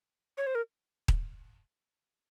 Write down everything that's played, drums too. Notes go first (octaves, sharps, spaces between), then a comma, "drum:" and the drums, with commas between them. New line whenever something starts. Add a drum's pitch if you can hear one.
C#5
C5
A#4
drum: kick D#1